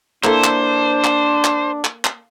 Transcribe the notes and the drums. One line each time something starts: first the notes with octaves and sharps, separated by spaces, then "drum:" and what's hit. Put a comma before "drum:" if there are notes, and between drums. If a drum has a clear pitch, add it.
A#3 D4 E4 A4 C5, drum: clap
drum: clap
drum: clap
drum: clap
drum: clap
drum: clap